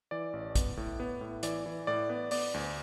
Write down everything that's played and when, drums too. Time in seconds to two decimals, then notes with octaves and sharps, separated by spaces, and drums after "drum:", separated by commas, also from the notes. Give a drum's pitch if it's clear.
0.11 E3 D5
0.33 A1
0.55 B3, drum: kick, hi-hat
0.77 A2
1.00 B3
1.21 A2
1.43 E3 D5, drum: hi-hat
1.66 E3
1.87 A2 D5
2.10 B3
2.31 B3 D5, drum: open hi-hat
2.54 D2